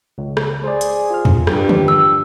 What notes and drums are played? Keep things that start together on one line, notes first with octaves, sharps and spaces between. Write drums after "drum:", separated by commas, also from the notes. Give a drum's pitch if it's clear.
C#2
drum: rim click
G#4 C5 D5
drum: hi-hat
F4 F6
drum: tom E2
G2 G4, drum: rim click
drum: tom D3
E6